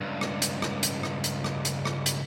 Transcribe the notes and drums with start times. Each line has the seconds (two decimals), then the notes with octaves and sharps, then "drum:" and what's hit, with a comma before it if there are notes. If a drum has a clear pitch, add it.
0.01 C#2 G2
0.21 drum: rim click
0.42 drum: hi-hat
0.62 drum: rim click
0.83 drum: hi-hat
1.03 drum: rim click
1.24 drum: hi-hat
1.44 drum: rim click
1.65 drum: hi-hat
1.85 drum: rim click
2.06 drum: hi-hat